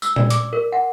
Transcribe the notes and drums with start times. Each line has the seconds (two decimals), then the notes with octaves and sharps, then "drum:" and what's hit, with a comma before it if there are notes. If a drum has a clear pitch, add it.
0.02 E6, drum: tambourine
0.16 D5, drum: tom A#2
0.30 D6, drum: hi-hat
0.53 A#4
0.72 F#5